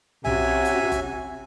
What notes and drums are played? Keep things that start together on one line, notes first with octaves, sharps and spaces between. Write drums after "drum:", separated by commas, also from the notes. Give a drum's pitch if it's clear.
C3 C#4 F#4 E5 G#5, drum: tom B1
drum: hi-hat
drum: kick F#1, hi-hat